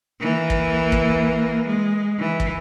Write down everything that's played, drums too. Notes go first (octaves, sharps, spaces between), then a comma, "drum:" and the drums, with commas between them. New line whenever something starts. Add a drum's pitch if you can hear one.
E3 A#3
drum: kick
drum: kick
G#3
E3
drum: kick